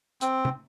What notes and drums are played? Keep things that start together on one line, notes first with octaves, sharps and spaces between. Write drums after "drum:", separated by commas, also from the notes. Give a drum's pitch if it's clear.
C4, drum: hi-hat
drum: tom